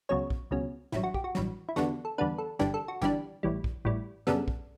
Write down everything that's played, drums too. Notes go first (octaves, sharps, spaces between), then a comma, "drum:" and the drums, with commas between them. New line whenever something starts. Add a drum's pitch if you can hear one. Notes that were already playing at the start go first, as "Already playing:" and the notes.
C#2 B2 F#3 C#4 C#5
drum: kick A#1
C#2 B2 F#3 C#4
A1 G2 F#3 E4, drum: snare
F#4
G4, drum: kick A#1
F#4
A1 G2 F#3, drum: snare
E4
E2 D3 G3 B3 D4 F#4, drum: snare
A4
E2 D3 G3 B3 D4 B4
A4
G1 G2 E3 G3 D4 G4, drum: snare
A4
F#4
G1 G2 E3 G3 D4 G4, drum: snare
A1 A2 E3 G3
drum: kick A#1
A1 A2 E3 G3
F#2 C#3 G3 B3 D4 A4, drum: snare
drum: kick A#1